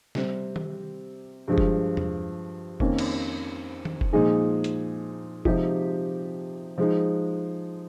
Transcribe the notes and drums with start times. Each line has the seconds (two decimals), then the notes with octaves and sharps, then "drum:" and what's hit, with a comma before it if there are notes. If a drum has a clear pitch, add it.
0.15 C3 G3 C4, drum: snare
0.56 drum: tom D#3
1.48 G2 F3 G#3
1.58 drum: kick F1
1.97 drum: tom E2
2.80 F2 D#3 A#3 C#4, drum: kick F1
2.98 drum: cymbal
3.85 drum: tom D#3
4.01 drum: kick F1
4.13 A#2 F3 G#3 D#4 G#4
4.64 drum: hi-hat
5.45 C3 F3 G#3 D#4 G4, drum: kick F1
6.78 F3 G#3 D#4